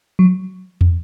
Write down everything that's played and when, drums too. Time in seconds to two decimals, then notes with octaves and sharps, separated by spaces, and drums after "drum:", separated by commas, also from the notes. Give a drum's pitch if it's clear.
0.19 F#3
0.81 drum: tom